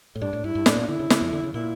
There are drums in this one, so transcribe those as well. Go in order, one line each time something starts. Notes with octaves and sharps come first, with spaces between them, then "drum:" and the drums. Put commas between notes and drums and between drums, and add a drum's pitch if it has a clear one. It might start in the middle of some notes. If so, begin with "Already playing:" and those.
A2
G2 D4
A2
G2 E4
G2
A2 D4, drum: snare
A#2
D3 E4
C#3
C#3, drum: snare
F2
D3
C#3
A#2 E4